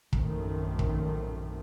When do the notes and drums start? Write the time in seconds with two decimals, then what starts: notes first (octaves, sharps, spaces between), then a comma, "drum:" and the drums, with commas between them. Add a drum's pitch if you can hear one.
0.13 A#1 F#2 A2 D#3 A3 C4, drum: kick
0.79 drum: kick